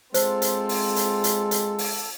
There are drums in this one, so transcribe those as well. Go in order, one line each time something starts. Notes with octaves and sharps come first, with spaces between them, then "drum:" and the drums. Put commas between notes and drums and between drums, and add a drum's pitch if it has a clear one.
G#3 C4 F4 A4 C5, drum: hi-hat
drum: hi-hat
drum: open hi-hat
drum: hi-hat
drum: hi-hat
drum: hi-hat
drum: open hi-hat